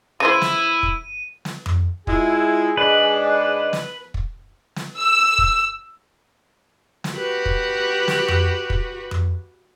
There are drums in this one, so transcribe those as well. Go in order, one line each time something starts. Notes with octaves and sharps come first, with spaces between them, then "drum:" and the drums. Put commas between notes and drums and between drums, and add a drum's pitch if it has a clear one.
C#3 E3 E4 C5 D#7
drum: snare
drum: kick
drum: snare
drum: tom F2
G#3 E4 F4 G#4, drum: kick
G#2 D4 B4 D#5
drum: snare
drum: kick
drum: snare
E6
drum: kick
drum: snare
F#4 G4 B4
drum: kick
drum: snare
drum: tom F2
drum: kick
drum: tom F2